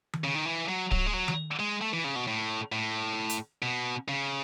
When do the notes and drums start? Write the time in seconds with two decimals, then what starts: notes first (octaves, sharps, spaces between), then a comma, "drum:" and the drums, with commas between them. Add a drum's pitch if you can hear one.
0.13 drum: tom D#3
0.24 C#3
0.35 D#3
0.46 E3
0.69 F#3
0.91 F#3, drum: kick D1
1.06 G#3
1.13 F#3
1.28 drum: tom D#3
1.60 G#3
1.82 A3
1.93 E3
2.04 C#3
2.15 B2
2.28 A2
2.72 A2
3.30 drum: hi-hat
3.62 B2
4.08 C#3